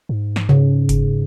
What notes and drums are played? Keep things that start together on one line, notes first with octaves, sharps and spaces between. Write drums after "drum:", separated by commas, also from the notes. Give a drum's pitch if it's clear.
G#2
drum: snare
C#3
drum: kick F#1, hi-hat